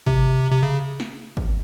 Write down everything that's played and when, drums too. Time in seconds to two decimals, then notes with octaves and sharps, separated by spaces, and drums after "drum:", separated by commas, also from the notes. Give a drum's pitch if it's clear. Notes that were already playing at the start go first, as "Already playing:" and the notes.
0.06 C3, drum: kick
0.52 C3
0.63 C#3
1.00 drum: snare
1.37 drum: kick